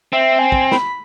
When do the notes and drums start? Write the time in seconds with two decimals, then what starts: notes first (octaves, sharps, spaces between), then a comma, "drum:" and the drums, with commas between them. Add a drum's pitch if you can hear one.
0.13 C4 E5
0.39 G#5
0.52 drum: kick
0.72 B5, drum: snare